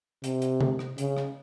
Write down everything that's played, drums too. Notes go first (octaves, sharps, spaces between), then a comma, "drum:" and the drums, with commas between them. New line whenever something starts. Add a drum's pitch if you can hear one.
C3, drum: hi-hat
drum: hi-hat
drum: tom C3
drum: rim click
C#3, drum: hi-hat
drum: rim click